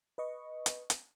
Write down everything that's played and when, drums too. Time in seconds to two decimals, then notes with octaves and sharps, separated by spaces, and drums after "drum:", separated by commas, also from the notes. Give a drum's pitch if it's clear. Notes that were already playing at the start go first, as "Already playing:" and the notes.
0.18 B4 D#5 C#6
0.66 drum: hi-hat
0.90 drum: hi-hat